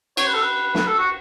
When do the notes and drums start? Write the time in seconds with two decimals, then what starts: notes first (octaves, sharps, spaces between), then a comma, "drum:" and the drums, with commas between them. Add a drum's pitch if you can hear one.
0.17 C#5, drum: cymbal
0.27 B4
0.33 A4
0.42 B4
0.75 B4, drum: snare
0.87 A4
0.97 F#4